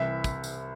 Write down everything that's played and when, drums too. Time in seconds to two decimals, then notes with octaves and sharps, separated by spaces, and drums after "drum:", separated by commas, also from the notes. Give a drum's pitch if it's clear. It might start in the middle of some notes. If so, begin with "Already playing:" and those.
Already playing: C2 C3 E3 E5
0.24 drum: kick, tambourine
0.44 drum: tambourine